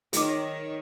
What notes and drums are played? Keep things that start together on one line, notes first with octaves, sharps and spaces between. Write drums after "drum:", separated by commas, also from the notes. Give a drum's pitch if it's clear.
D#3 G#4 C#5 D6, drum: hi-hat